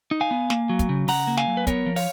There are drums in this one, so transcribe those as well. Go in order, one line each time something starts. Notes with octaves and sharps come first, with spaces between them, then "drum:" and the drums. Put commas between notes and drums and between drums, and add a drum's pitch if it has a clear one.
D#4
F5 G#5
B3
A#3, drum: snare
F#3
drum: kick, hi-hat
C#3
C#3 F#5 A#5, drum: open hi-hat
A#3
F5 G#5, drum: snare
F#3
B4
B3 A#4 C#5, drum: kick, hi-hat
F3
C#5 F5, drum: open hi-hat